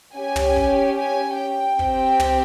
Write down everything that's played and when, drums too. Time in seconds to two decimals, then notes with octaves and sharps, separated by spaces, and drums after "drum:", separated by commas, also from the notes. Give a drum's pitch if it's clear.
0.15 C#4 G4 G#5
0.36 drum: tom
0.56 drum: kick
0.98 G#5
1.37 G5
1.79 C4 G4, drum: kick
2.20 drum: tom